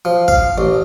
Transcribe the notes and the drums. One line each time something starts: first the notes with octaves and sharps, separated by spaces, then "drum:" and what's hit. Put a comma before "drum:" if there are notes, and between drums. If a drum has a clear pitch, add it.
F3
F5, drum: kick
A1